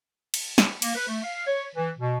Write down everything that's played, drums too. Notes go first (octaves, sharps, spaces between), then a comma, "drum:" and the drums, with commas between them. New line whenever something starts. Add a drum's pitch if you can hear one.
drum: cymbal
drum: snare
A#3, drum: cymbal
B4
A3
F5
C#5
E3
B2